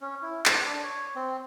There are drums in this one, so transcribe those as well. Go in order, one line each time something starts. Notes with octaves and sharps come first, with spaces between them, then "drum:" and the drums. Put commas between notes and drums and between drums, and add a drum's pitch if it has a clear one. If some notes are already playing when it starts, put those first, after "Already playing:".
C#4
E4
B4, drum: clap
D4
C#5
C4